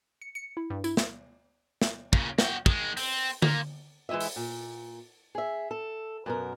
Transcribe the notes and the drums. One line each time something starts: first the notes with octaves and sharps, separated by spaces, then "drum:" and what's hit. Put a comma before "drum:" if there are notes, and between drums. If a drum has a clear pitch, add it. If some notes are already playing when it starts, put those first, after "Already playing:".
C#7
C#7
E4
G2
E4, drum: tambourine
drum: snare
drum: snare
A#2 C#3, drum: kick
F#4 G5, drum: snare
D#3 G#3, drum: kick
C4, drum: open hi-hat
A#3 F4, drum: tom D3
E3 G#3 E4 D#5 E5
drum: open hi-hat
A#2
G#4 E5
A4
F#2 B2 A#4